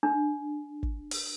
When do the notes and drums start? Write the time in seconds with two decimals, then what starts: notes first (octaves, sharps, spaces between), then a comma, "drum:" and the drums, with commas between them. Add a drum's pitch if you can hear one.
0.03 D4
0.83 drum: kick
1.11 drum: open hi-hat